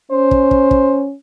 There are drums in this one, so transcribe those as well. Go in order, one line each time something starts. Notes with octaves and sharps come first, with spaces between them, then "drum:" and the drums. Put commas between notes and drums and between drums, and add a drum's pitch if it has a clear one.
C#4 C5
drum: kick
drum: kick
drum: kick